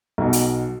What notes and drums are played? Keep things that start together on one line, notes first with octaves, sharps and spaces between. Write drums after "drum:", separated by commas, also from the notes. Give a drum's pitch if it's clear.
B1 B2
drum: hi-hat